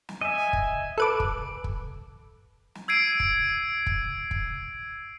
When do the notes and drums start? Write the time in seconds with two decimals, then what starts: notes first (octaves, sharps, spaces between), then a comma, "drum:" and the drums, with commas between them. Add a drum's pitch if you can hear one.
0.09 drum: snare
0.21 D#5 E5 G#5
0.53 drum: kick
0.98 A4 B4 D6
1.20 drum: kick
1.64 drum: kick
2.75 drum: snare
2.88 E6 G#6 C7 D7 D#7
3.20 drum: kick
3.86 drum: kick
4.31 drum: kick